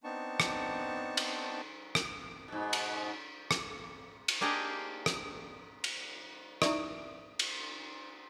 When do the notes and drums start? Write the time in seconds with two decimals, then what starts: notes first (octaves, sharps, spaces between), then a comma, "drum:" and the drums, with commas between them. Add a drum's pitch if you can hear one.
0.04 B3 C4 D4 D#4 A5 C#6
0.40 drum: rim click
1.17 drum: cymbal
1.95 drum: rim click
2.48 G#2 B2
2.73 drum: cymbal
3.51 drum: rim click
4.28 drum: cymbal
4.41 A#3 D4 G4 G#4 A#4 D#5
5.06 drum: rim click
5.84 drum: cymbal
6.62 D#4 E4 D5 E5 C#6, drum: rim click
7.39 drum: cymbal